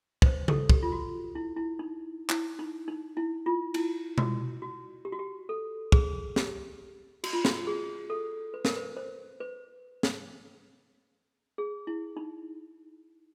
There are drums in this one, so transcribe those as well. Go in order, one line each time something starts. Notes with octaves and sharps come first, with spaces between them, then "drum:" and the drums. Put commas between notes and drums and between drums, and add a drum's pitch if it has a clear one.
B4, drum: kick
C5
A4, drum: tom C#3
G4, drum: kick
F4
F#4
E4
E4
D#4
E4, drum: clap
D#4
D#4
E4
F4
E4, drum: cymbal
F#4, drum: tom B2
F#4
G4
F#4
G4
A4
G#4, drum: kick
G4, drum: snare
F#4, drum: cymbal
F4
F#4, drum: snare
G#4
A4
B4
A#4, drum: snare
B4
C5
B4
drum: snare
G#4
E4
D#4